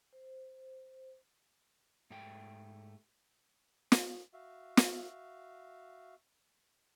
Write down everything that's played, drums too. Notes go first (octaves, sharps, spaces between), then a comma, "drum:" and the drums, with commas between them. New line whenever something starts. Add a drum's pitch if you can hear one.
C5
G#2 A3 G4 G5
drum: snare
F#4 E5 F5
drum: snare